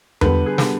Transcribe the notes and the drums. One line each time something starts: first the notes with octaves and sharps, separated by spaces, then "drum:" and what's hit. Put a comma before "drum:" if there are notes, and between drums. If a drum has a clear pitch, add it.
D3 G3 B3 B4, drum: tom E2
G#4
D3 G3 B3, drum: snare